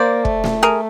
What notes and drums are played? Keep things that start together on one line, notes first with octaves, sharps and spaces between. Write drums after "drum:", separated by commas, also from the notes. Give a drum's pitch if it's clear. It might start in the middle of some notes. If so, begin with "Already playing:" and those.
Already playing: A#3 C5 D5
A3, drum: kick
drum: snare A3
G#4 A#4